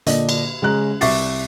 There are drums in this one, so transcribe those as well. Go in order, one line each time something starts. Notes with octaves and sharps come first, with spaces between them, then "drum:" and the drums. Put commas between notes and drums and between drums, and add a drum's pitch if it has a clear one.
A#2 D3 D4 D#5, drum: hi-hat
drum: cymbal
C#3 G#3 C#4 A#5 F#6
C2 E5 C#6 D6 A6 C7, drum: open hi-hat